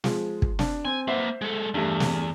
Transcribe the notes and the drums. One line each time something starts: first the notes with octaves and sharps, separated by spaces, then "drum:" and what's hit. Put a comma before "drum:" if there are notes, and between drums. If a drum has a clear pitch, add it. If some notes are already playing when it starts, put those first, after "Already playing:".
F3 G#3, drum: snare
drum: kick
D4, drum: snare
C4 G#5
A#3 B4 C5 E5 F#5
G#3 A4
E2 G2 A3
drum: snare